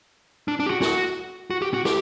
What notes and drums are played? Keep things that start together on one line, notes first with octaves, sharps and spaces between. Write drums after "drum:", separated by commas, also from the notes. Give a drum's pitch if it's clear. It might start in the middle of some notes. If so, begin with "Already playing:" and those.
D4
D4
G4
F#4
F#4, drum: snare
F#4
G4
F#4
G4, drum: snare